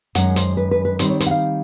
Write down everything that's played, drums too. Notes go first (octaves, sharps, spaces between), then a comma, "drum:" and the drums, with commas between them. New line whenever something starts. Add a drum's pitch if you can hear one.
F#2 D#3 G#3 C#4 F#5, drum: hi-hat
C5, drum: hi-hat
B4
B4
B4
D#3 G3 C4 D#4 C5, drum: hi-hat
C#5
C5, drum: hi-hat
F#5
F5